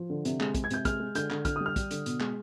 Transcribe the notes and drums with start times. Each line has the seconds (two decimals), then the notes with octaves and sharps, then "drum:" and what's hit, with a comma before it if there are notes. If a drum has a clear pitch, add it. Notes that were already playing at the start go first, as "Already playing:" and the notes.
Already playing: F3
0.10 D3
0.25 C3, drum: hi-hat
0.40 G#3, drum: clap
0.55 G#3, drum: kick, hi-hat
0.64 G#6
0.70 C3 G6, drum: hi-hat
0.85 G#3 F6, drum: kick, hi-hat
1.00 G#3
1.15 D3 G6, drum: hi-hat
1.30 D3, drum: clap
1.45 D3 F6, drum: kick, hi-hat
1.56 G3 D#6
1.66 F6
1.76 G3, drum: kick, hi-hat
1.91 D3, drum: hi-hat
2.06 B2, drum: hi-hat
2.20 G#3, drum: clap